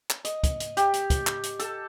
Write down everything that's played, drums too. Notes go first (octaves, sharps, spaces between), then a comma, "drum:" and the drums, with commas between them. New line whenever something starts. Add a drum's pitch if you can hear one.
drum: clap
D#5, drum: hi-hat
drum: kick, hi-hat
drum: hi-hat
G4, drum: hi-hat
drum: hi-hat
drum: kick, hi-hat
drum: clap
drum: hi-hat
A4, drum: hi-hat